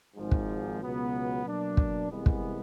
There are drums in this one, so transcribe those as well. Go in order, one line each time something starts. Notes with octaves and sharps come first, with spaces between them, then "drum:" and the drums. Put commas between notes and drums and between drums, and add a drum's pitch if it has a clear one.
G#1 G#2 F3
drum: kick
C#2 B2 F#3 B3
B2 F#3 A#3 D4
drum: kick
C2 C3 E3 G#3 B3
drum: kick